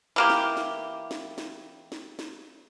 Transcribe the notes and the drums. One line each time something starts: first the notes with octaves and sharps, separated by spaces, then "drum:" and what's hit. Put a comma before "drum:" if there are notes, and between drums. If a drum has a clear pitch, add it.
E3 A#3 G4
drum: snare
drum: snare
drum: snare
drum: snare
drum: snare
drum: snare